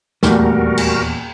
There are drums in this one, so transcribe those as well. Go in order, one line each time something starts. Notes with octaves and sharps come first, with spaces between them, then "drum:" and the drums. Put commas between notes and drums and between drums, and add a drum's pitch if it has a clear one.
D#1 E2 A#2 G3 A3 A#3 F#4 A#4, drum: snare
drum: cymbal